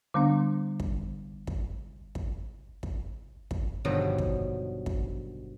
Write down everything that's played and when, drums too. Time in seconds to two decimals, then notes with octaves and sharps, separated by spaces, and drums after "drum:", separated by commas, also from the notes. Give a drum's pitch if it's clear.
0.14 D3 G3 B3 D4
0.80 drum: kick
1.47 drum: kick
2.15 drum: kick
2.83 drum: kick
3.51 drum: kick
3.85 G2 B2 D3 D#3 F3 F#3
4.19 drum: kick
4.86 drum: kick